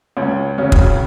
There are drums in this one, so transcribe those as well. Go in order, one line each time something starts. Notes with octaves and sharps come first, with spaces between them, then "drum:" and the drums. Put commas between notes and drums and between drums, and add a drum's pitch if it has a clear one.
C#2 C#4
C#3 F#3 C#4
drum: kick